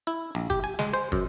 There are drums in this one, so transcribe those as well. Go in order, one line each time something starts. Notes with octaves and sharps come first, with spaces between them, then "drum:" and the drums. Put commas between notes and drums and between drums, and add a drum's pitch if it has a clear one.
E4
A#1
G4, drum: kick
G#5
G#3, drum: snare
C5
F#2, drum: kick